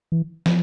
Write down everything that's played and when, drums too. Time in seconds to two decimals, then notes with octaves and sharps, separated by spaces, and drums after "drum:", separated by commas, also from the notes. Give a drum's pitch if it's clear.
0.12 E3
0.46 F3, drum: snare